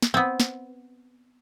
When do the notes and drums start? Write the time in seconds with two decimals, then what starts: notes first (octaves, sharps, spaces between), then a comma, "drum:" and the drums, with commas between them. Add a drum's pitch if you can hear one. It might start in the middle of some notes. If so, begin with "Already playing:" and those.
0.02 drum: snare
0.14 B3 C4
0.40 drum: snare